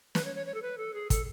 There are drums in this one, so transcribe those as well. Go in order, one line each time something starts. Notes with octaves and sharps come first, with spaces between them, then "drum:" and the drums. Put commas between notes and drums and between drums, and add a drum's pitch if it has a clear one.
B4, drum: snare
C#5
C#5
C#5
A4
B4
A4
G#4
A4, drum: kick, hi-hat